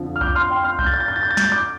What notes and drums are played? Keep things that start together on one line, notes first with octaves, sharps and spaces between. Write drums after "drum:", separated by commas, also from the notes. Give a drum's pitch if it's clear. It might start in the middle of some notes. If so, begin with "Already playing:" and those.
Already playing: F2 D3 F3
F6
D6 G6, drum: kick B1
C6 F6
G5 C6
C6 F6
G6, drum: kick B1
A6
G6
A6
G6
A6
G6
A6
G6, drum: snare
A6
D6 G6